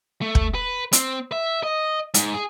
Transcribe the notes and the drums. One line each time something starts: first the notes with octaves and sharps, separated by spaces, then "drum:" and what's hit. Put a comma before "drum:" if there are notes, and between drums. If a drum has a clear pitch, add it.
A3
drum: kick
B4
C4, drum: hi-hat
E5
D#5
G#2, drum: hi-hat
G#4